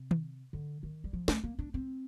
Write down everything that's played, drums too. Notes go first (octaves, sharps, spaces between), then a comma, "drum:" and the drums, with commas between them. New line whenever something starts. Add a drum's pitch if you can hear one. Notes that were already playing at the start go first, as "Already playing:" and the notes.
Already playing: C3
drum: tom
D3
D#3
G3
F3
A3, drum: snare
A#3
D4
C4